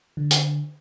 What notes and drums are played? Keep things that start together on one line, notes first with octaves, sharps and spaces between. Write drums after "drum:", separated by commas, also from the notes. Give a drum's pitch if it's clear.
D3
drum: hi-hat